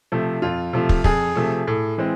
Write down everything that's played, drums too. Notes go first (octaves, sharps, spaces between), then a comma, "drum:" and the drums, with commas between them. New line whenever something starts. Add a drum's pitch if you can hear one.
C3 F3 A3
F2 F4
C3 F3 A3
drum: kick
F2 G#4, drum: kick
C3 F3 A3
A2
E3 G#3 C4